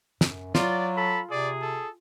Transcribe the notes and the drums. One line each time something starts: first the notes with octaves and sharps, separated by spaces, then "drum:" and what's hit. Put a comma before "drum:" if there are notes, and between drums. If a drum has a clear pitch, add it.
F#2, drum: snare
F#3 F4 D5, drum: snare
A4 B5
C3 G#4 D5
A4